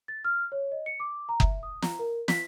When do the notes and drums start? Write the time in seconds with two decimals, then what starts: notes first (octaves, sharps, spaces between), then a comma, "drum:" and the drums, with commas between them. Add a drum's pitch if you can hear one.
0.08 A6
0.25 F6
0.52 C#5
0.72 D#5
0.86 C#7
1.00 D6
1.29 A#5
1.40 E5, drum: kick F#1
1.63 D#6
1.82 A#5, drum: snare
1.99 A#4
2.28 B6, drum: snare